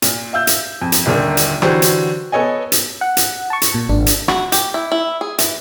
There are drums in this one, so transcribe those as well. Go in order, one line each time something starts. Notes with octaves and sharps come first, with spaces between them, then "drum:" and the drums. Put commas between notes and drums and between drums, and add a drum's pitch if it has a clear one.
A#2, drum: hi-hat
E5 F5 E6 G6
drum: hi-hat
F2
drum: hi-hat
D#1 A#2 D3 D#3 A#4
drum: hi-hat
D3 E3 F#3 F#4 G4 C5, drum: rim click
drum: hi-hat
B3 A4 C#5 D#5 G#5
drum: hi-hat
F#5
drum: hi-hat
A5 C#6
drum: hi-hat
A#2
G#1 D4
drum: hi-hat
F#4, drum: rim click
G4, drum: hi-hat
E4
E4
G#4
E3, drum: hi-hat